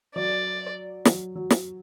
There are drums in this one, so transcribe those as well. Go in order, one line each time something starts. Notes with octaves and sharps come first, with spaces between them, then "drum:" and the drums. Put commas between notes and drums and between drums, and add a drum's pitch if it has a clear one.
F#3 D5
F#3, drum: snare
F#3
drum: snare